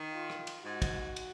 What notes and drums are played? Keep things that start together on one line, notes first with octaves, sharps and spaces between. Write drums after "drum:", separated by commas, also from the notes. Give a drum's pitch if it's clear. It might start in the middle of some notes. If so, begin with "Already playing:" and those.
Already playing: D#3
F4
drum: rim click
drum: cymbal
G#2 F#4
drum: kick, cymbal
drum: cymbal